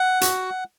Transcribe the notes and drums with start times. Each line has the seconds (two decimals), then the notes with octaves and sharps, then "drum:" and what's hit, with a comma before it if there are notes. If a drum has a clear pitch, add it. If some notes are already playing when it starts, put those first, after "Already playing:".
Already playing: F#5
0.21 F#4, drum: hi-hat